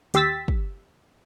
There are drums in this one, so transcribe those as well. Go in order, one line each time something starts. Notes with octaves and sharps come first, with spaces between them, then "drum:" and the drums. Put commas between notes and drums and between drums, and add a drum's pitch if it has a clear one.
D#2 G4 C6 E6 A6 B6, drum: hi-hat
drum: kick